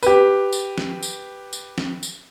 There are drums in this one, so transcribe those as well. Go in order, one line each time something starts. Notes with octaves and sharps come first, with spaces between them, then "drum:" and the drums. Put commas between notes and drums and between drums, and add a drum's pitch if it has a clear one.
G4 B4, drum: tambourine
drum: tambourine
drum: snare
drum: tambourine
drum: tambourine
drum: snare
drum: tambourine